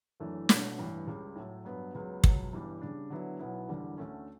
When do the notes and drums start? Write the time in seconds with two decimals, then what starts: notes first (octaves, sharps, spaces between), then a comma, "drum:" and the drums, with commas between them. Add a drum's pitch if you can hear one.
0.20 F#1 F#2 E3 A3 D4
0.49 B2 A3 D4 A4 C#5, drum: snare
0.78 A1 G2 E3
1.07 C#2 C#3 G3
1.36 A2 F#3 A3
1.65 G2 F#3 B3
1.94 C#2 C#3 F#3 B3
2.24 C#2 B2 F#3, drum: kick
2.53 G1 G2 E3 G3 D4
2.82 C#3 G3 D4
3.10 D3 F#3 B3 E4
3.39 B1 B2 F#3 B3 E4
3.69 F#1 E2 D3 G3
3.98 D2 D3 A3 C#4